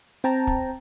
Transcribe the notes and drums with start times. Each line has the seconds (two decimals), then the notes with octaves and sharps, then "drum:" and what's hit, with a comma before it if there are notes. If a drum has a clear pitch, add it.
0.24 C4 G5 A5 A#5
0.47 drum: kick